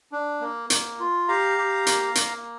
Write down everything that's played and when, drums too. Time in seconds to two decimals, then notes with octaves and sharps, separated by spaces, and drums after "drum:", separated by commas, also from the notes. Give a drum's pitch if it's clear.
0.12 D4
0.41 A#3
0.70 A#3, drum: hi-hat
1.00 F4
1.28 G4 F5 A#5
1.58 G4
1.87 A#3, drum: hi-hat
2.15 A#3, drum: hi-hat